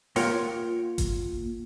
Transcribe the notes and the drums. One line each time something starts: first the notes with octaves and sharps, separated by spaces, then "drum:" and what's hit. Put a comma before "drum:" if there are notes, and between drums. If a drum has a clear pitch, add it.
A#3 F4 A#4 C#5 F#5 G5, drum: open hi-hat
drum: kick G1, hi-hat